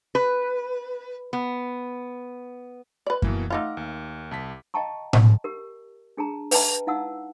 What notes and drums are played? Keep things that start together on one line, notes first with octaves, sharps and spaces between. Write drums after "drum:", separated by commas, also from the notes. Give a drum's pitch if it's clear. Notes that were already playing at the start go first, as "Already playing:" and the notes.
B4
B3
B4 D5
B2 E3 A#3, drum: kick F#2
A3 D#4 F4 F#5 D6
D#2
C2 A5 B6
D#5 F5 G5 A5 A#5 C#6
drum: tom A2
G4 A#4
D4 G#4 A5 A#5
B4 E5 G5 A5 A#5, drum: open hi-hat
D#4 E4 F5 F#5 A5 E6